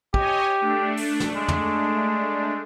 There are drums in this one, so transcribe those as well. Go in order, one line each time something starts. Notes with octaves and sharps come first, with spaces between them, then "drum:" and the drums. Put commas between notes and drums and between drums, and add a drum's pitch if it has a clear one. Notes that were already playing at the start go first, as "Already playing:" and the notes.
G4 C#5 D#5 G#5, drum: kick
A3 D4
drum: open hi-hat
drum: snare
G#3
drum: tom